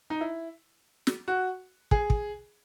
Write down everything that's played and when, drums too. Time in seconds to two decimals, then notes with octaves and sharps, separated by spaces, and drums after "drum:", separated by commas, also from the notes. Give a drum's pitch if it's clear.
0.10 D#4
0.21 E4
1.07 drum: snare
1.28 F#4
1.91 G#4, drum: kick
2.10 drum: kick